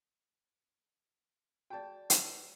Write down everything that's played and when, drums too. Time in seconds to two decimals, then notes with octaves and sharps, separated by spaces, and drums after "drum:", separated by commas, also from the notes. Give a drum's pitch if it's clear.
1.70 F#4 G#4 D5 G5 A5
2.10 B4 E6, drum: hi-hat